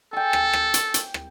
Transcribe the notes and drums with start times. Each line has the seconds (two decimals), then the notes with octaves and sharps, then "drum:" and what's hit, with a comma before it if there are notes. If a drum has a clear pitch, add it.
0.13 A4 G5 G#5
0.33 drum: rim click
0.53 drum: rim click
0.74 drum: hi-hat
0.94 drum: hi-hat
1.14 drum: rim click